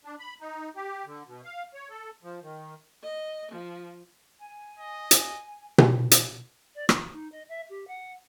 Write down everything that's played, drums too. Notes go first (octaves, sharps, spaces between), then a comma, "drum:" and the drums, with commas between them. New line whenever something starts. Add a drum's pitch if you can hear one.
D4
B5
D#4
G4
D3
B2
F5
C#5
A4
F3
D#3
D#5
F3
G#5
D#5
drum: hi-hat
drum: tom B2
drum: hi-hat
D5
F4, drum: rim click
D#4
D#5
E5
G4
F#5